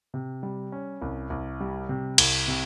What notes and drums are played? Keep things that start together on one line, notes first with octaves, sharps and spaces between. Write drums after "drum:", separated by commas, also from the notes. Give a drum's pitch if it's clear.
C3
G3
C#4
C2
C2
G3
C3
C2, drum: cymbal
C3